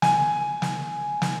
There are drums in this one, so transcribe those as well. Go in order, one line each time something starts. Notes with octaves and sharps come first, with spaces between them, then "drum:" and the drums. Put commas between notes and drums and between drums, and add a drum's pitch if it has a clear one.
G#5, drum: snare
drum: snare
drum: snare